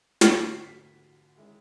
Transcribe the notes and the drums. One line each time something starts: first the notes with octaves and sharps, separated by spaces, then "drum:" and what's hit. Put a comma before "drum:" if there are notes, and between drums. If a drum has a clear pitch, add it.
D3 F3 A3 A#6, drum: snare
C7
B6
C7
B6
D#3 G#3 C#4 E4